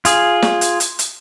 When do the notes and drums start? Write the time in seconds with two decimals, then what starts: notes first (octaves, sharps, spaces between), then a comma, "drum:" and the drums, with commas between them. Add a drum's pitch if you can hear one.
0.05 F4 G#4, drum: hi-hat
0.42 drum: snare
0.61 drum: hi-hat
0.80 drum: hi-hat
0.99 drum: hi-hat